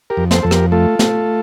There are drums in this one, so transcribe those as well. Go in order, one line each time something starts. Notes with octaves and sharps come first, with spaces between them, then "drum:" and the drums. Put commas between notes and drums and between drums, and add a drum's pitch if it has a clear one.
G4 A#4
F2
A4 C5, drum: snare
F2 A4
G4 A#4, drum: rim click
A3 F4 A4
A3, drum: snare